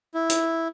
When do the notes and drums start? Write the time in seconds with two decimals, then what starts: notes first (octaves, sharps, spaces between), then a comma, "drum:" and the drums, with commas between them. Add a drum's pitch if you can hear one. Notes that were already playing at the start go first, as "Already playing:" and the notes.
0.14 E4
0.30 drum: hi-hat